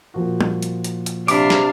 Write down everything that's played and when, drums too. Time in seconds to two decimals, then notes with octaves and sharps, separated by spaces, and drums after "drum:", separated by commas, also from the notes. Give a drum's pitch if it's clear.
0.14 A#2 F3 F#4
0.41 drum: tom G3
0.63 drum: hi-hat
0.84 drum: hi-hat
1.06 drum: hi-hat
1.28 C3 D4 F5 B5 D6, drum: open hi-hat
1.50 drum: snare